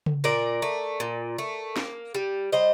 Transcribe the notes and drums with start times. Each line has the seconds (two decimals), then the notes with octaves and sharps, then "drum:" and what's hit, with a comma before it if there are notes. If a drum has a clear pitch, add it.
0.06 drum: tom C#3
0.24 A#2 A#4 D5
0.62 A3
1.00 A#2
1.38 A3
1.76 A#3, drum: snare
2.15 G3
2.52 G3 C5 D#5